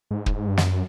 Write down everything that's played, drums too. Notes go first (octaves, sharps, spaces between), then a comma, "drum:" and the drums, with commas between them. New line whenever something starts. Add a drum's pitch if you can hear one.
G#2
drum: kick
G2
F#2, drum: snare